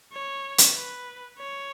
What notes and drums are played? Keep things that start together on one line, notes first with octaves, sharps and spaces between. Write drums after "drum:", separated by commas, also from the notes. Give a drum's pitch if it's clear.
C#5
drum: hi-hat
B4
C#5